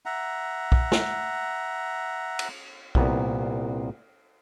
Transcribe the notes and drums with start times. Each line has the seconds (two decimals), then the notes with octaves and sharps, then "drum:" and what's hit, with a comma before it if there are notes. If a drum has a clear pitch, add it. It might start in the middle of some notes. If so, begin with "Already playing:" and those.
0.06 E5 F#5 A#5
0.72 drum: kick B1
0.92 drum: snare
2.39 drum: cymbal
2.95 C2 A#2 B3, drum: kick B1